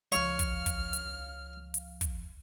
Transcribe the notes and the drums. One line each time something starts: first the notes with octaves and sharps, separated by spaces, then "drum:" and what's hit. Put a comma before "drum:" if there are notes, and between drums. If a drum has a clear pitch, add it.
C#2 F3 C#5 F5 F6, drum: hi-hat
drum: kick, hi-hat
drum: kick, hi-hat
drum: hi-hat
drum: hi-hat
drum: kick, hi-hat